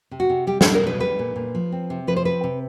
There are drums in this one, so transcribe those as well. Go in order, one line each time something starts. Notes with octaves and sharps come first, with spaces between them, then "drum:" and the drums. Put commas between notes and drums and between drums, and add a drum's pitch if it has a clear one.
C3
F#4
C3
G3 G4
B2 A4, drum: snare
A#4
B2 B4
G3 B4
A#2
A#2
F3
C4
C3
F3 B4
C5
C4 B4
C3